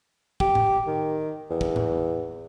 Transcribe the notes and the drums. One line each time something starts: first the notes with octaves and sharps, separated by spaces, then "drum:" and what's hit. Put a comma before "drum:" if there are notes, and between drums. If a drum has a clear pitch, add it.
G4, drum: kick
drum: tom A2
D#3
E2
drum: kick
drum: tom A2